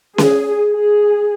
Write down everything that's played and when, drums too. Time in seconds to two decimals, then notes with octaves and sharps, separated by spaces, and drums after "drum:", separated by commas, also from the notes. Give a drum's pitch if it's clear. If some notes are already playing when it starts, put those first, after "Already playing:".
0.18 G#4, drum: snare C#4
0.72 G#4